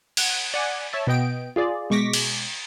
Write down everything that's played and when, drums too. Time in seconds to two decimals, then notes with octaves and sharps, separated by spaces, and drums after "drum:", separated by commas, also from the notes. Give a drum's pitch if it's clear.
0.17 F#5 G#6, drum: cymbal
0.54 D5 F#5 G#5
0.93 C#5 E5 A5
1.07 B2 B3 D#5 G5 D7
1.56 F4 G#4 D5
1.90 B2 G#3 C#6 D6 A#6 B6
2.13 drum: cymbal